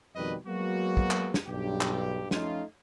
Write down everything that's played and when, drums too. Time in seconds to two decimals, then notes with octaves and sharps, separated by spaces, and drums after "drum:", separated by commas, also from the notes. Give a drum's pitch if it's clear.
0.16 F2 B2 D#3 G3 B4 D#5
0.47 F#3 G#3 A#3 B3 F#4
0.97 drum: kick
1.11 drum: clap
1.34 drum: snare
1.48 B1 G2 G4
1.81 drum: clap
2.31 F3 A3 C#4 D#4 F4, drum: snare